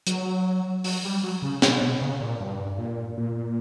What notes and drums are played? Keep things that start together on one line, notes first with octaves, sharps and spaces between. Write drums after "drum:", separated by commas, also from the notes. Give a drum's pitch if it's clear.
F#3, drum: hi-hat
F#3, drum: open hi-hat
G3
F#3
C#3
B2, drum: snare
B2
C#3
A#2
G2
A#2
A#2